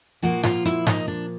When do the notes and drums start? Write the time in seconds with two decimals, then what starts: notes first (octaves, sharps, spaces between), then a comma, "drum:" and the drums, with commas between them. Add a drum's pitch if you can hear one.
0.22 A#2 F3 A#3 F#4
0.43 F4, drum: snare G#2
0.65 E4, drum: hi-hat
0.87 D#4, drum: snare G#2
1.08 D4